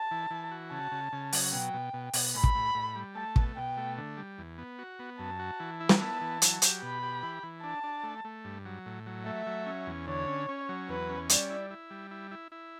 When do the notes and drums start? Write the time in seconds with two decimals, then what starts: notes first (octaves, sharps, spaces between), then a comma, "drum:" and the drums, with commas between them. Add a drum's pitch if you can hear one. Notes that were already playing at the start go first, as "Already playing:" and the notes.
Already playing: A5
0.11 E3
0.30 E3
0.51 F#4
0.71 C#3 A5
0.92 C#3
1.13 C#3
1.33 F#3, drum: open hi-hat
1.53 B2 G5
1.74 B2
1.93 B2
2.13 B2, drum: open hi-hat
2.34 A2 B5
2.44 drum: kick
2.55 A2
2.75 A2
2.96 G3
3.15 A3 A5
3.36 B2, drum: kick
3.56 B2 G5
3.77 A3
3.98 D3
4.17 G3
4.38 E2
4.58 B3
4.79 F#4
4.99 B3
5.19 F#2 A5
5.39 F#4
5.60 E3
5.80 E4
5.89 drum: snare
6.00 B3 A5
6.21 E3
6.42 F#3, drum: hi-hat
6.62 G4, drum: hi-hat
6.82 B2 B5
7.03 G4
7.23 E3
7.43 E3
7.63 D4 A5
7.83 D4
8.03 A3
8.24 A3
8.45 G2
8.65 F#3
8.86 A2
9.06 F#3
9.26 A3 E5
9.47 F#3
9.66 C#4
9.87 E2
10.07 D3 C#5
10.28 C#4
10.49 C#4
10.69 F#3
10.89 E2 B4
11.09 C#4
11.29 G3 D5, drum: hi-hat
11.50 E4
11.70 E4
11.90 G3
12.11 E4
12.31 E4
12.52 E4